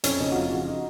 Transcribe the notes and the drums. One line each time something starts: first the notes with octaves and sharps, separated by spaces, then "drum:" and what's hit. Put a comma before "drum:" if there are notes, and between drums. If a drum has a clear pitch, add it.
F2 C#4, drum: hi-hat
F#1 D#4
F#4
F3 F4
C#3 F#4
D#4